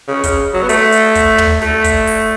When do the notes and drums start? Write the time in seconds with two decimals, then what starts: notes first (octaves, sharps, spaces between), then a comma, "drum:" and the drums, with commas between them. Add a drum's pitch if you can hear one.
0.08 C#3
0.24 C#3, drum: kick, hi-hat
0.54 F#3
0.63 B3
0.69 A3, drum: hi-hat
0.92 drum: hi-hat
1.15 drum: kick, hi-hat
1.38 drum: tom
1.62 A3, drum: snare
1.84 drum: kick, hi-hat
2.07 drum: open hi-hat